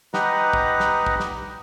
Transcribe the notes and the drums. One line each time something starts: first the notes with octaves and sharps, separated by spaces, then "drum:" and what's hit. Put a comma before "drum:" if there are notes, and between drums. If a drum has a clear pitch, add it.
D#4 G4 B4 D#5 F#5 A#5, drum: snare
drum: kick
drum: snare
drum: kick
drum: snare